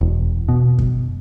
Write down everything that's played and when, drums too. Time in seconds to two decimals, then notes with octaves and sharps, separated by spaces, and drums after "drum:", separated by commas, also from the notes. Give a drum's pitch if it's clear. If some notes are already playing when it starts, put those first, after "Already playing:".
0.01 E1
0.49 B2
0.79 drum: kick F#2